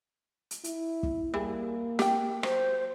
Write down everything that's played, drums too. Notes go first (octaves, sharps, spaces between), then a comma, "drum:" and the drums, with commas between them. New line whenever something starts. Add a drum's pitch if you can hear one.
drum: hi-hat
E4, drum: hi-hat
drum: kick
G3 A#3 E4 G#4
G4 G5, drum: snare
F#3 C5, drum: rim click